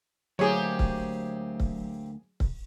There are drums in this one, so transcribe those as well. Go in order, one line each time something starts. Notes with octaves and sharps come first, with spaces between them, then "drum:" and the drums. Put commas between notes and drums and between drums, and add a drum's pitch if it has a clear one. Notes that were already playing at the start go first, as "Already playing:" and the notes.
D2 F#3 A#3 C4 G4 G#4 C#5
drum: kick C#1
drum: kick C#1
drum: kick C#1